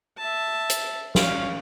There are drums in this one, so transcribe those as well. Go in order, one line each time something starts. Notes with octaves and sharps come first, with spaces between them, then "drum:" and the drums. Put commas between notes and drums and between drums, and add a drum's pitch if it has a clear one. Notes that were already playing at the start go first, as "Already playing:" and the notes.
E5 A5
drum: hi-hat
C#4 F5, drum: snare